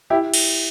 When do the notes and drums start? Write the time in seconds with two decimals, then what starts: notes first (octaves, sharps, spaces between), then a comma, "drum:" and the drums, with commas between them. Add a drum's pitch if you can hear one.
0.10 E4 G4
0.34 drum: cymbal